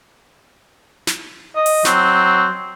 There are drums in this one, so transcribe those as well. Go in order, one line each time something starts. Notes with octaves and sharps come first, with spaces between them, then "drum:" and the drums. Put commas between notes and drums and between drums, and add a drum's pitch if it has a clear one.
drum: snare
D#5
drum: open hi-hat
F#3 C4, drum: snare